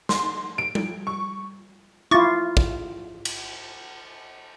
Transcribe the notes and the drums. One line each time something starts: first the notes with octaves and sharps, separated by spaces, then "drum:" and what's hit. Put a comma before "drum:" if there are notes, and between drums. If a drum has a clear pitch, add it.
C6, drum: snare
D7
drum: tom G3
C#6
E4 F4 C#6 D6 A6
drum: kick
drum: cymbal